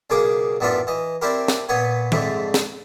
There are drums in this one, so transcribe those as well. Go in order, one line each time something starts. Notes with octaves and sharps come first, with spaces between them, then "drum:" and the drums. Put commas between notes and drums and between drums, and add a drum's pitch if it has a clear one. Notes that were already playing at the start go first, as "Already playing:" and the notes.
B1 C#3 A#3 G#4 D6
A1 F#2 B3 D4 F4 E5
E3 D#5
C4 D4 E4 G4 A#4
drum: snare
A#2 B3 C#5 G#5
F2 G#2 D3 A3 E4, drum: tom D#3
drum: snare